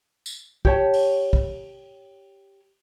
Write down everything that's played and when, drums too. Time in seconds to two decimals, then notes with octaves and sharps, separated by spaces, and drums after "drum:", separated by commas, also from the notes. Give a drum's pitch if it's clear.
0.26 drum: tambourine
0.65 G4 C#5 A5, drum: kick A#1
0.93 drum: open hi-hat
1.33 drum: kick A#1